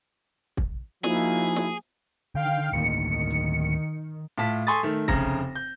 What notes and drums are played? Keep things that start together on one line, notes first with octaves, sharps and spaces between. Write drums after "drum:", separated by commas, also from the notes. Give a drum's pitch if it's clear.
drum: kick
F3 A#3 D#4 E4 F#4 G#4, drum: snare
drum: snare
D3 D#3 F5 G5
D2 A2 D#3 A#3 C#7
drum: hi-hat
A2 F4 A5 B6
A4 G#5 C6 C#6 D#6 A6
D#3 A3
F1 C#3 A#5 A#6, drum: kick
G6